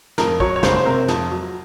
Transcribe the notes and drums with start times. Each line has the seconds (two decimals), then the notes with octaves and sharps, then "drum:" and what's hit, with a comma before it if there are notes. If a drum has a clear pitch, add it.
0.18 F2 A#4, drum: snare
0.40 F#3 C#5, drum: kick
0.56 C#5
0.63 F#1 C5, drum: snare
0.76 C5
0.85 C3 A#4
1.08 F2, drum: snare
1.31 F#3